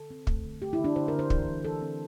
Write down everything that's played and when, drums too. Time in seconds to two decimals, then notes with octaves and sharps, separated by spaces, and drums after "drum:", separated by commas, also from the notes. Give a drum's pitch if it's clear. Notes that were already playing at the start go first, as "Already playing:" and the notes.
Already playing: D3 A4
0.10 C4
0.27 A3, drum: kick
0.45 D3
0.62 A3 G4
0.73 E4
0.79 D3
0.84 D4
0.96 D3 C5
1.08 D3 A#4
1.19 C5
1.30 E3, drum: kick
1.47 E3
1.65 E3 A4
1.82 C4